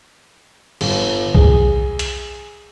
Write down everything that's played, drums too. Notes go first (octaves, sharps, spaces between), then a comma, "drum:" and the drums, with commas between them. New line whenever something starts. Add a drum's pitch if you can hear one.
G1, drum: cymbal
G#4, drum: kick B1
drum: hi-hat